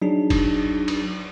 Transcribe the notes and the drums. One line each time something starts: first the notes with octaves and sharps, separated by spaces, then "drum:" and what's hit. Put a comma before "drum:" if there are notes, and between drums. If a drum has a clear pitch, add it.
F#3 D4 D#4 G#4
drum: kick F1, cymbal
drum: cymbal